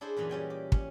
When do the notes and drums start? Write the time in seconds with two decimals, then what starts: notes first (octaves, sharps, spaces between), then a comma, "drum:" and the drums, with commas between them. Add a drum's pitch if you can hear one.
0.01 D4 E4 G#4 A4 C5
0.16 F#2 A#2 E3 D#5 B5
0.30 G3 C#4 G5 G#5
0.50 G4
0.72 C#4, drum: kick